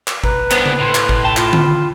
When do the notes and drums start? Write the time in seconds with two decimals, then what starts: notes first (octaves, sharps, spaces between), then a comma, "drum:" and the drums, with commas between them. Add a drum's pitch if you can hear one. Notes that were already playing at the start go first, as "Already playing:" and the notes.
0.08 drum: clap
0.24 B4 A#5, drum: kick G#1
0.51 B3 D4 C5, drum: clap
0.66 drum: tom C#3
0.80 A2 C6
0.95 drum: clap
1.09 drum: kick G#1
1.24 G5 A5 E7
1.37 F4 B5, drum: clap
1.53 drum: tom D3